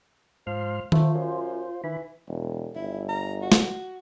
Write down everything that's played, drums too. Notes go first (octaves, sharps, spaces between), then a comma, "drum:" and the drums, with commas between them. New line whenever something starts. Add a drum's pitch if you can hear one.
G#2 F3 C6 F6
A3 F4 C5, drum: tom D#3
F#2
D#3 E3 B5
E1
G1 E4
A#5
F#4
drum: snare